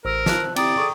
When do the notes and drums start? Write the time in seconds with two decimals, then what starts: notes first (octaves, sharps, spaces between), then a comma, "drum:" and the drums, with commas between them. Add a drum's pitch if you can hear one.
0.05 A1 A#4 C5 E6
0.26 A5 F#6, drum: snare
0.56 C4 E4 G4 D5 G5 A#5 D#6, drum: cymbal
0.78 G#4 A4 C#6 D#6